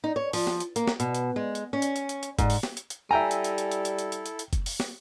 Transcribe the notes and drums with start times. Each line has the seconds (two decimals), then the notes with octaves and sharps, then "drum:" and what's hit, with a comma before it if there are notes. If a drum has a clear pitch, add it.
0.04 D#4
0.16 C#5
0.33 F3, drum: open hi-hat
0.47 drum: snare
0.60 drum: hi-hat
0.76 A#3, drum: hi-hat
0.87 drum: snare
1.00 B2, drum: hi-hat
1.15 drum: hi-hat
1.36 G#3
1.55 drum: hi-hat
1.73 C#4
1.82 drum: hi-hat
1.96 drum: hi-hat
2.09 drum: hi-hat
2.23 drum: hi-hat
2.39 G#2, drum: kick F#1, hi-hat
2.50 drum: open hi-hat
2.63 drum: snare
2.77 drum: hi-hat
2.90 drum: hi-hat
3.11 G3 E4 A4 E5 G5 G#5 A#5
3.31 drum: hi-hat
3.44 drum: hi-hat
3.58 drum: hi-hat
3.72 drum: hi-hat
3.85 drum: hi-hat
3.99 drum: hi-hat
4.12 drum: hi-hat
4.26 drum: hi-hat
4.39 drum: hi-hat
4.53 drum: kick F#1, hi-hat
4.66 drum: open hi-hat
4.80 drum: snare